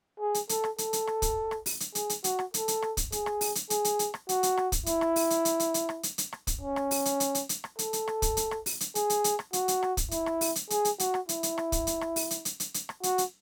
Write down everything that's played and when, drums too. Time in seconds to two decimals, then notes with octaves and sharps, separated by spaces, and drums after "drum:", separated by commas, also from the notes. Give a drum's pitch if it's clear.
0.20 G#4
0.34 drum: hi-hat
0.49 A4, drum: hi-hat
0.64 drum: rim click
0.78 A4, drum: hi-hat
0.93 drum: hi-hat
1.07 drum: rim click
1.22 drum: kick, hi-hat
1.51 drum: rim click
1.66 drum: open hi-hat
1.80 drum: hi-hat
1.95 G#4, drum: hi-hat
2.09 drum: hi-hat
2.24 F#4, drum: hi-hat
2.39 drum: rim click
2.54 A4, drum: hi-hat
2.68 drum: hi-hat
2.82 drum: rim click
2.97 drum: kick, hi-hat
3.12 G#4, drum: hi-hat
3.26 drum: rim click
3.41 drum: open hi-hat
3.55 drum: hi-hat
3.70 G#4, drum: hi-hat
3.85 drum: hi-hat
3.99 drum: hi-hat
4.14 drum: rim click
4.29 F#4, drum: hi-hat
4.43 drum: hi-hat
4.57 drum: rim click
4.72 drum: kick, hi-hat
4.86 E4, drum: hi-hat
5.01 drum: rim click
5.16 drum: open hi-hat
5.30 drum: hi-hat
5.45 drum: hi-hat
5.60 drum: hi-hat
5.74 drum: hi-hat
5.89 drum: rim click
6.03 drum: hi-hat
6.18 drum: hi-hat
6.32 drum: rim click
6.47 drum: kick, hi-hat
6.61 C#4
6.76 drum: rim click
6.91 drum: open hi-hat
7.05 drum: hi-hat
7.20 drum: hi-hat
7.35 drum: hi-hat
7.49 drum: hi-hat
7.64 drum: rim click
7.79 A4, drum: hi-hat
7.93 drum: hi-hat
8.08 drum: rim click
8.22 drum: kick, hi-hat
8.37 drum: hi-hat
8.51 drum: rim click
8.66 drum: open hi-hat
8.80 drum: hi-hat
8.95 G#4, drum: hi-hat
9.10 drum: hi-hat
9.24 drum: hi-hat
9.39 drum: rim click
9.53 F#4, drum: hi-hat
9.68 drum: hi-hat
9.83 drum: rim click
9.97 drum: kick, hi-hat
10.11 E4, drum: hi-hat
10.26 drum: rim click
10.41 drum: open hi-hat
10.55 drum: hi-hat
10.70 G#4, drum: hi-hat
10.85 drum: hi-hat
10.99 F#4, drum: hi-hat
11.14 drum: rim click
11.29 E4, drum: hi-hat
11.43 drum: hi-hat
11.58 drum: rim click
11.72 drum: kick, hi-hat
11.87 drum: hi-hat
12.01 drum: rim click
12.16 drum: open hi-hat
12.31 drum: hi-hat
12.45 drum: hi-hat
12.60 drum: hi-hat
12.74 drum: hi-hat
12.89 drum: rim click
13.03 F#4, drum: hi-hat
13.18 drum: hi-hat